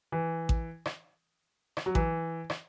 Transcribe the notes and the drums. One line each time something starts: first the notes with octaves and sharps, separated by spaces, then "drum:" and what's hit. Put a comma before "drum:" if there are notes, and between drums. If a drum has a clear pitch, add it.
E3
drum: kick A1
drum: rim click
drum: rim click
F#3
E3, drum: kick A1
drum: rim click